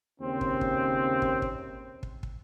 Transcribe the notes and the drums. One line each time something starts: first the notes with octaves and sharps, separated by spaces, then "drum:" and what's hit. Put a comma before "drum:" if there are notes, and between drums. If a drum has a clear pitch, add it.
D#2 C#3 C4
drum: kick
drum: kick
drum: kick
drum: kick
drum: kick
drum: kick